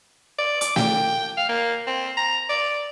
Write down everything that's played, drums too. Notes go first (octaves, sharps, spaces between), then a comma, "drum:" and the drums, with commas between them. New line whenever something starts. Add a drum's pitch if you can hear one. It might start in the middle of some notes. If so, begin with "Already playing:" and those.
D5
D6, drum: hi-hat
G5, drum: snare
F5
A#3
C4
A#5
D5